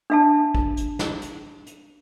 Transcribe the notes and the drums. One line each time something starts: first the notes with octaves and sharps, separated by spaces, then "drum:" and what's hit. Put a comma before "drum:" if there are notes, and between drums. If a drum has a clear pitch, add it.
D4 E5 A5
drum: kick
drum: hi-hat
drum: snare
drum: hi-hat
drum: hi-hat